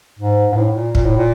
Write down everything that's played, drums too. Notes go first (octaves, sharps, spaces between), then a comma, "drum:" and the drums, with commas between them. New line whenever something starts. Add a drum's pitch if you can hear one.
G#2
G#2
A2
A#2
A#2, drum: kick
A2
A#2